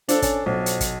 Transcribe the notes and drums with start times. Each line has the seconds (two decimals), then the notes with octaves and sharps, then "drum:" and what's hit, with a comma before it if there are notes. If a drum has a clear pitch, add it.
0.09 F3 D4 A4, drum: hi-hat
0.22 C#4, drum: kick, hi-hat
0.46 B1 F3
0.66 drum: hi-hat
0.80 drum: kick, hi-hat